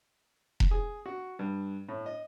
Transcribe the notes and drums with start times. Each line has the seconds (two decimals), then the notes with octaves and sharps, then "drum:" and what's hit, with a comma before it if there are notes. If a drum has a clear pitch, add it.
0.60 drum: kick E1
0.71 G#4
1.06 F#4
1.39 G2
1.89 A2
2.06 D#5